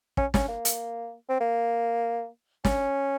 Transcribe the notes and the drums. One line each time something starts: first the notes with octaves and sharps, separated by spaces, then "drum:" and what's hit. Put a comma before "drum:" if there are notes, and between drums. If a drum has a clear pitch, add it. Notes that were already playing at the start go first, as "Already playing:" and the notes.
C#4, drum: kick
C#4, drum: snare
A#3
drum: hi-hat
C4
A#3
C#4, drum: snare